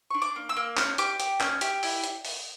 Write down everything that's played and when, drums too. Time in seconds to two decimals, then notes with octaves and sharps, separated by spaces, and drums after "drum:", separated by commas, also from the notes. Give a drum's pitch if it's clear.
0.11 D4 C#6
0.22 D6
0.36 A#3
0.49 E6
0.57 A#3
0.77 C#4 F#6, drum: clap
0.98 G4 D6, drum: hi-hat
1.20 G4, drum: hi-hat
1.40 C#4, drum: clap
1.61 G4 E5, drum: hi-hat
1.83 E4, drum: open hi-hat
2.04 drum: hi-hat
2.25 drum: open hi-hat